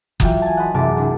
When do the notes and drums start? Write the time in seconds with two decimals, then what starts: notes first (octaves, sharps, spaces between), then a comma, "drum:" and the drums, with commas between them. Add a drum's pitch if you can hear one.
0.20 E3 F#3 F4 G5, drum: kick F#1
0.42 G#5 A5
0.57 B4 C5 D#5 F#5
0.74 F#1 C2 C3 G#3 A5 D6
0.97 C2 A#3 D4